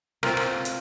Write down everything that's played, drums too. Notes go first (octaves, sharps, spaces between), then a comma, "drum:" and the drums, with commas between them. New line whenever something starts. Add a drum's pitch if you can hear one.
C4 F4 A#4, drum: rim click
drum: rim click
drum: hi-hat